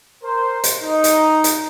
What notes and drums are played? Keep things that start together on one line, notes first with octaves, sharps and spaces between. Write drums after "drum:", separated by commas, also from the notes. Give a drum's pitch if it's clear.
A#4 C5
drum: hi-hat
D#4
drum: hi-hat
drum: hi-hat